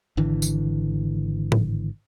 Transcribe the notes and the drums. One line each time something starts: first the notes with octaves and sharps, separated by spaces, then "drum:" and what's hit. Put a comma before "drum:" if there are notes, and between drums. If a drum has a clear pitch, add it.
G#1 D3 E3
drum: tambourine
drum: tom A2